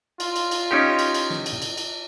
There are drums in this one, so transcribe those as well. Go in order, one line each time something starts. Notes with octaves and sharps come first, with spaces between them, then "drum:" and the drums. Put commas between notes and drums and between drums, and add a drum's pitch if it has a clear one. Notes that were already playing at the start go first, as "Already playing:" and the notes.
F4, drum: cymbal
drum: cymbal
drum: cymbal
C#4 D#4 G4
drum: cymbal
drum: cymbal
drum: snare
drum: cymbal
drum: cymbal
drum: cymbal